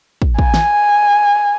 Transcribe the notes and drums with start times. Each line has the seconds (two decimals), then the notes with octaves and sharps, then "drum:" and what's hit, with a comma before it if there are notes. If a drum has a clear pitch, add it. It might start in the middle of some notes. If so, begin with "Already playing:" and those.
0.22 drum: kick
0.39 G#5, drum: kick
0.54 drum: snare